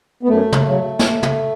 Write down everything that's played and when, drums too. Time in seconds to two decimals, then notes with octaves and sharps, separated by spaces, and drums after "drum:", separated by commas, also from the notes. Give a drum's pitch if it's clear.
0.23 B3
0.29 F#2 A3
0.52 drum: tom
0.65 C#3 F#3
0.99 drum: snare
1.23 drum: tom